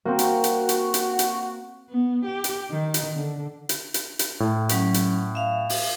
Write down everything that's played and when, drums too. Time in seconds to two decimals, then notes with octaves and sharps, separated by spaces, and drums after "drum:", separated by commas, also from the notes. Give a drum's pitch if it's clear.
0.05 A#3 C4 F#4
0.19 drum: hi-hat
0.44 drum: hi-hat
0.69 drum: hi-hat
0.94 drum: hi-hat
1.19 drum: hi-hat
1.90 B3
2.25 G4
2.44 drum: hi-hat
2.70 D#3
2.94 drum: hi-hat
3.15 D3
3.69 drum: hi-hat
3.94 drum: hi-hat
4.19 drum: hi-hat
4.40 A2
4.69 F#3 C#4, drum: hi-hat
4.94 drum: hi-hat
5.35 E5 F5
5.69 drum: open hi-hat